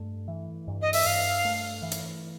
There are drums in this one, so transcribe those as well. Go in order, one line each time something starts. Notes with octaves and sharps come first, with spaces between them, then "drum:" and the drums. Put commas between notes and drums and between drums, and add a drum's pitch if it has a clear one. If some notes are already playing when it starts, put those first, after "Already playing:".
Already playing: G2 A3
E3
G2
D#5
E5, drum: open hi-hat
G2 F5
A3
E3
drum: hi-hat